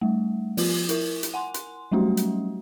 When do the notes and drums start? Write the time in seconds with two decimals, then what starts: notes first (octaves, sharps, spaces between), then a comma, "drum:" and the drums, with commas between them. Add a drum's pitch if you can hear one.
0.01 G3 A3
0.57 F3 F4, drum: open hi-hat
0.89 E4 A#4, drum: hi-hat
1.23 drum: hi-hat
1.34 F#5 G#5 C6
1.54 C6, drum: hi-hat
1.92 F#3 G3 A3 C#4 F#4
2.17 drum: hi-hat